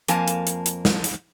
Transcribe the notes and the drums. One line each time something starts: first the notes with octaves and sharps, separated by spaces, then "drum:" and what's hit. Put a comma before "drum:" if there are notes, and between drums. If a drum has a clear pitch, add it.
F2 A#3 G#5 A5, drum: hi-hat
drum: hi-hat
drum: hi-hat
drum: hi-hat
drum: snare
drum: hi-hat